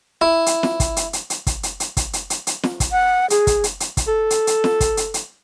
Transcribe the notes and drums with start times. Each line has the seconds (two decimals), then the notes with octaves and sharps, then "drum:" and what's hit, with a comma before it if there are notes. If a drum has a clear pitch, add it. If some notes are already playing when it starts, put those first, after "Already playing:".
0.21 E4
0.46 drum: hi-hat
0.63 drum: snare
0.80 drum: kick, hi-hat
0.97 drum: hi-hat
1.13 drum: hi-hat
1.30 drum: hi-hat
1.47 drum: kick, hi-hat
1.63 drum: hi-hat
1.80 drum: hi-hat
1.97 drum: kick, hi-hat
2.13 drum: hi-hat
2.30 drum: hi-hat
2.47 drum: hi-hat
2.63 drum: snare
2.80 drum: kick, hi-hat
2.92 F#5
3.30 G#4, drum: hi-hat
3.47 drum: kick, hi-hat
3.64 drum: hi-hat
3.80 drum: hi-hat
3.97 drum: kick, hi-hat
4.08 A4
4.30 drum: hi-hat
4.47 drum: hi-hat
4.64 drum: snare
4.81 drum: kick, hi-hat
4.97 drum: hi-hat
5.14 drum: hi-hat